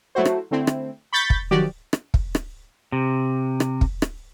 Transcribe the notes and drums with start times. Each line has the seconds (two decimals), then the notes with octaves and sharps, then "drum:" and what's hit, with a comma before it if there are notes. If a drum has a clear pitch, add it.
0.15 F#3 A3 E4 F#4 C5
0.25 drum: rim click
0.51 D3 A3 C4 E4
0.67 drum: rim click
1.13 B5 C#6 G6 A6 B6
1.30 drum: kick
1.51 D#3 F3 F#3 F#4 G4 D5
1.93 drum: rim click
2.14 drum: kick
2.35 drum: rim click
2.92 C3
3.60 drum: rim click
3.81 drum: kick
4.02 drum: rim click